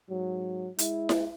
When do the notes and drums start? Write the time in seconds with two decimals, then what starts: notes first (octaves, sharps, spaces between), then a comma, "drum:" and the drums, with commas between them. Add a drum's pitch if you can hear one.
0.10 G#2 F#3
0.79 G#3 E4, drum: hi-hat
1.09 drum: snare E4